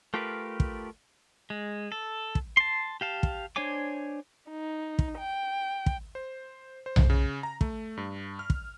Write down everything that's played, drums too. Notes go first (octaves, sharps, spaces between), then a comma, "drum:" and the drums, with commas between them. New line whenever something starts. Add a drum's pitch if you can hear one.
A3 F4 G4 A#4 B4
drum: kick
G#3
A4
drum: kick
A5 C6
G4 F5 A5
drum: kick
D4 C5 C#5 G#5 D6
D#4
drum: kick
G5
drum: kick
C5
C5
drum: tom B1
C#3
A#5
A3, drum: kick
G2
F6
drum: kick